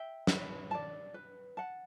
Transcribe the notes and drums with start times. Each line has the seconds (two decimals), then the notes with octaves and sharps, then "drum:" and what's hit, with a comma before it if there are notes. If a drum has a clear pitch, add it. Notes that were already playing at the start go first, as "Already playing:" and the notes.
Already playing: E5 G5
0.27 B4, drum: snare
0.71 D5 A5
1.14 B4
1.57 F#5 A5